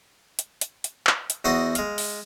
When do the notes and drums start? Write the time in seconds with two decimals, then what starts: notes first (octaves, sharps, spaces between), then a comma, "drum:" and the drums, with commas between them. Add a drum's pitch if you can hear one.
0.39 drum: hi-hat
0.61 drum: hi-hat
0.84 drum: hi-hat
1.07 drum: clap
1.30 drum: hi-hat
1.45 E2 F#4 C5 D#5 C6
1.75 G#3 F5, drum: hi-hat
1.98 drum: open hi-hat